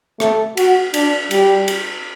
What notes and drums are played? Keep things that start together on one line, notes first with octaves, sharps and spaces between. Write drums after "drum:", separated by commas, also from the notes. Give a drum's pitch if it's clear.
A3, drum: rim click
F#4, drum: cymbal
D4, drum: cymbal
G3, drum: cymbal
drum: cymbal